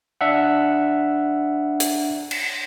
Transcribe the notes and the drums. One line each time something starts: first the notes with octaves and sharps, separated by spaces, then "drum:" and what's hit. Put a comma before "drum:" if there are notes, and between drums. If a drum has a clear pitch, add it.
D4 E5 F#5
drum: hi-hat
drum: cymbal